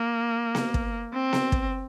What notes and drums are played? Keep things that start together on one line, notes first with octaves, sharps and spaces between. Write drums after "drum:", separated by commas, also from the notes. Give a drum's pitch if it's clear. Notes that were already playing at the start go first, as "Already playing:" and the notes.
Already playing: A#3
drum: snare B3
drum: kick
C4
drum: snare B3
drum: kick